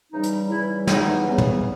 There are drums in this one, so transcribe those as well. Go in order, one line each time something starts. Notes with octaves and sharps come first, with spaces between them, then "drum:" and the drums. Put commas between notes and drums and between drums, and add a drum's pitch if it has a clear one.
C#3 E3 G3 D#4
drum: hi-hat
C#3 E3 G3 E4
C#3 E3 G3 B3 D#4, drum: snare
C#3 E3 G3 B3
drum: tom